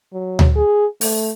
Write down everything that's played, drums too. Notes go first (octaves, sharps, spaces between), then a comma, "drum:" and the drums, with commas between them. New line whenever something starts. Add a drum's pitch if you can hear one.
F#3
drum: tom D2
G#4
A3, drum: open hi-hat